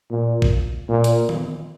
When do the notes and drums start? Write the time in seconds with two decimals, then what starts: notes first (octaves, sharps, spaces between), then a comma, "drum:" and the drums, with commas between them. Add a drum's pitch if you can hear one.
0.10 A#2
0.42 drum: kick
0.89 A#2
1.04 drum: hi-hat
1.29 drum: tom D#3